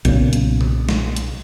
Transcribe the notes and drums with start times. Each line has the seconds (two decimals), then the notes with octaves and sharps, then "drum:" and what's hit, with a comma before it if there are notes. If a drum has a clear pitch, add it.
0.05 B1 A#2 C#3, drum: hi-hat
0.33 drum: hi-hat
0.61 drum: tom B2
0.89 drum: snare
1.16 drum: hi-hat